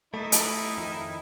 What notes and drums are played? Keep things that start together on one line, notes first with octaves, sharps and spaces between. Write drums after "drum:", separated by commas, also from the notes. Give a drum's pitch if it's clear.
A3 D#4 E4
drum: hi-hat
F2 D#3 F3